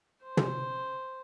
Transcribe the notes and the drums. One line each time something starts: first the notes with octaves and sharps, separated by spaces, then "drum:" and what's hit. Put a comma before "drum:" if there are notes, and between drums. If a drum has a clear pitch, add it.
C5
drum: tom